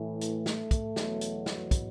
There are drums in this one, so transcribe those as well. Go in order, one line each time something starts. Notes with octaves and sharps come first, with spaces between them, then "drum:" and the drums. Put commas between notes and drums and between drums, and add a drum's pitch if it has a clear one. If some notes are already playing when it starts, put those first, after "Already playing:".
Already playing: A2 E3
A3, drum: hi-hat
drum: snare
drum: kick, hi-hat
E2 B2 F#3, drum: snare
drum: hi-hat
drum: snare
drum: kick, hi-hat